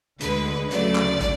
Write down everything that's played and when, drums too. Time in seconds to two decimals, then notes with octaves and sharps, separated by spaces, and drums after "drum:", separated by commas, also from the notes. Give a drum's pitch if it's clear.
0.20 D2 D3 G#3 B4, drum: hi-hat
0.71 D2 C#3 F#3 A3 D5, drum: hi-hat
0.96 drum: clap
1.21 drum: kick, hi-hat